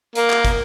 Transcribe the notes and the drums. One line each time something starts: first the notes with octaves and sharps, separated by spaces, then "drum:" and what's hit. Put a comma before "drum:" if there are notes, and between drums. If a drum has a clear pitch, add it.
A#3, drum: hi-hat
drum: clap
drum: kick, hi-hat